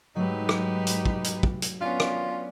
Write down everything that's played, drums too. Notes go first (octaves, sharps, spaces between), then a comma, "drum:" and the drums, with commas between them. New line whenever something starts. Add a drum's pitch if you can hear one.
G#2 F#3 A3 D#4 G4 B4
drum: rim click
drum: hi-hat
drum: kick
drum: hi-hat
drum: kick
drum: hi-hat
B3 C#4 D4 F4
drum: rim click